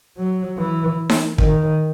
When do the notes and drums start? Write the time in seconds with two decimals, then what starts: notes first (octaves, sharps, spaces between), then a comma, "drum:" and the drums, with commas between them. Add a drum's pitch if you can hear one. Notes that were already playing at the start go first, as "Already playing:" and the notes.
0.17 F#3
0.58 E3
1.10 drum: snare D#4
1.38 D#3, drum: kick